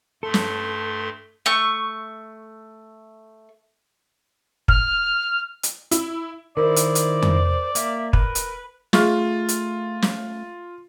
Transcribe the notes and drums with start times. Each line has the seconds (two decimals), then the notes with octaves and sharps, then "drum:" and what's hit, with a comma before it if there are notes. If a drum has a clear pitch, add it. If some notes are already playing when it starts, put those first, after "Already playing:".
0.23 G2 A3 A4 C6
0.34 drum: snare
1.46 A3 C#6
4.68 F6, drum: kick
5.63 drum: hi-hat
5.91 E4, drum: hi-hat
6.57 D#3 E4 A#4 C5 D5
6.76 drum: hi-hat
6.95 drum: hi-hat
7.22 drum: tom F2
7.75 A#3 E5, drum: hi-hat
8.13 A#4 B4, drum: kick
8.35 drum: hi-hat
8.93 A3 F4 G#4 C#6, drum: snare
9.49 drum: hi-hat
10.02 drum: snare